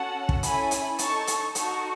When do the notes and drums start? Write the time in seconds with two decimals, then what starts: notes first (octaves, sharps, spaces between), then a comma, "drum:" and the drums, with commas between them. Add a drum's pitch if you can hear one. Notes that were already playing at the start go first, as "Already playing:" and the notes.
Already playing: C#4 F#4 A4 F#5 A5
0.29 drum: kick
0.43 C#4 E4 A4 G#5 B5, drum: hi-hat
0.71 drum: hi-hat
0.99 D#4 A4 A5 C#6, drum: hi-hat
1.27 drum: hi-hat
1.55 D#4 F#4 A4 A5 C#6, drum: hi-hat